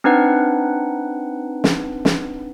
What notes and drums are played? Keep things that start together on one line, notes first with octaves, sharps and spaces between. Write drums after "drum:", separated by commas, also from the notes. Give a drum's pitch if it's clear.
C4 D4 D#4 B4 F#5
drum: snare
drum: snare